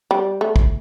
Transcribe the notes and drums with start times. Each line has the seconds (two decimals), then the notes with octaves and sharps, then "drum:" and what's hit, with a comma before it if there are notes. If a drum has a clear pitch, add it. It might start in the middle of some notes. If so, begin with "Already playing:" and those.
0.11 G3
0.41 A3
0.56 drum: kick